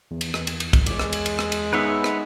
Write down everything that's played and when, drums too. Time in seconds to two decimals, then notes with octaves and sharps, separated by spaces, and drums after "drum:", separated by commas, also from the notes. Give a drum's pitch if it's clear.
0.11 E2
0.21 drum: cymbal
0.34 drum: rim click
0.47 drum: cymbal
0.60 drum: cymbal
0.73 drum: kick, cymbal
0.86 G#3 C#5 D5, drum: cymbal
0.99 drum: rim click
1.13 drum: cymbal
1.26 drum: cymbal
1.39 drum: rim click
1.52 drum: cymbal
1.73 B3 D#4 B4 C#5 E5
2.04 drum: rim click